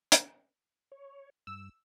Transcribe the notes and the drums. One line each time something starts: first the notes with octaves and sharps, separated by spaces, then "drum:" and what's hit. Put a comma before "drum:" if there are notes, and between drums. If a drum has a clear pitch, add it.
drum: hi-hat
C#5
G2 E6